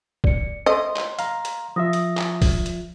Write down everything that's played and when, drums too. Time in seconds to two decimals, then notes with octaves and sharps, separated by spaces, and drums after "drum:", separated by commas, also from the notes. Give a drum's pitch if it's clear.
0.24 D5 C#7, drum: kick
0.66 A3 C5 D#5 C6
0.96 drum: clap
1.19 F5 A#5, drum: hi-hat
1.45 drum: hi-hat
1.76 F3 F4 E5 D#6 A#6
1.93 drum: hi-hat
2.17 drum: clap
2.42 drum: kick, open hi-hat
2.66 drum: hi-hat